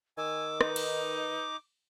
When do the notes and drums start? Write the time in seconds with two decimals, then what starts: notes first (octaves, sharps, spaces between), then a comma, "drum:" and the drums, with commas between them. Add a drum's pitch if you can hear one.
0.18 D#3 G#5 D6 E6
0.61 D#4 B4, drum: rim click
0.76 drum: cymbal